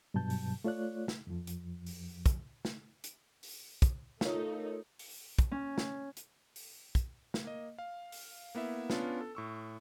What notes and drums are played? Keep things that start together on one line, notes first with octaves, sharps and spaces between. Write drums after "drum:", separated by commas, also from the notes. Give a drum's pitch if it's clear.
G2 B2 F#3 A5 G6
drum: open hi-hat
A3 F4 C#5 D5 F#6
drum: snare
F2 F3
drum: hi-hat
drum: open hi-hat
drum: kick, hi-hat
drum: snare
drum: hi-hat
drum: open hi-hat
drum: kick, hi-hat
A3 D#4 F4 A4 A#4 C#5, drum: snare
drum: open hi-hat
drum: kick, hi-hat
C#4
drum: snare
drum: hi-hat
drum: open hi-hat
drum: kick, hi-hat
drum: snare
A#3 D#5
F5
drum: open hi-hat
A#3 B3 E4 E5
B3 C#4 D4 F4, drum: snare
A4
A2 C#6 E6